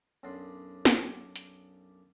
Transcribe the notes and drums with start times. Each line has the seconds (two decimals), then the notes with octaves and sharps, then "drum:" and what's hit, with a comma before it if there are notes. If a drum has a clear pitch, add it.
0.23 B1 F#2 D4 D5 C6
0.85 drum: snare
1.36 drum: hi-hat